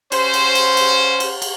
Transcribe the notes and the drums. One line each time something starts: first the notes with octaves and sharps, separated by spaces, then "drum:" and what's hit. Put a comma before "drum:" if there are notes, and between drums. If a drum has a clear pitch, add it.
C#4 C5, drum: cymbal
drum: cymbal
drum: cymbal
drum: cymbal
drum: cymbal
drum: cymbal